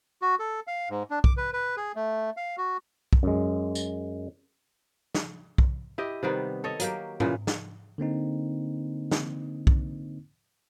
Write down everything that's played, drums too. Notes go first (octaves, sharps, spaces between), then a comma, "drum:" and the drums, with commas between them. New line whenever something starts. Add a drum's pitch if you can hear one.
F#4
A4
F5
G#2
D4
D6, drum: kick B1
B4
B4
G#4
A3
F5
F#4
drum: kick B1
F#2 G#3
drum: tambourine
drum: snare
drum: kick B1
E4 G4 D#5
C3 D#3 G3 B3
A4 C#5 D#5
F#3 A#3 G4, drum: hi-hat
A#2 C#3 E3 B3, drum: tom G#2
drum: snare
D3 A#3 C4 D#4
drum: snare
drum: kick B1